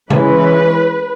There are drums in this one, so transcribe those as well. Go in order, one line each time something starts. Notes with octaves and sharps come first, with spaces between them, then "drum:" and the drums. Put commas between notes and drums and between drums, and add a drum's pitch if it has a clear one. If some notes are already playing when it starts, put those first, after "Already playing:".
E3 G#3 C#4 B4, drum: tom C#3